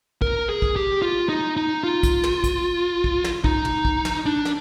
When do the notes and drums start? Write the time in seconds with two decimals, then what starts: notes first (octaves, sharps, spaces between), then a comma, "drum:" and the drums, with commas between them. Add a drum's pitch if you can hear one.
0.22 A#4, drum: kick
0.49 G#4
0.62 drum: kick
0.76 G4
1.02 F4
1.29 D#4
1.57 D#4
1.83 F4
2.03 drum: kick, hi-hat
2.23 drum: snare
2.44 drum: kick, hi-hat
3.04 drum: kick
3.24 drum: snare
3.44 D#4, drum: kick
3.65 drum: tom
3.85 drum: kick
4.05 drum: snare
4.26 D4
4.45 drum: snare